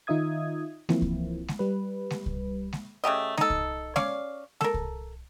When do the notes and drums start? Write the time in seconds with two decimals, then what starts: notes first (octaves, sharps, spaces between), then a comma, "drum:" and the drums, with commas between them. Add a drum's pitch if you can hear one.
0.07 D#3 D#4 F4 E5 D#6 G#6
0.89 E3 F3 A#3 C4 E4, drum: snare G#3
1.02 drum: kick C2
1.48 drum: snare G#3
1.59 G3 B4
2.10 drum: snare G#3
2.26 drum: kick C2
2.73 drum: snare G#3
3.04 C#3 A3 G4 D#5
3.37 D#4 A4, drum: snare G#3
3.50 drum: kick C2
3.96 C#4 C#5 D5 F5, drum: snare G#3
4.61 A4 A#4, drum: snare G#3
4.74 drum: kick C2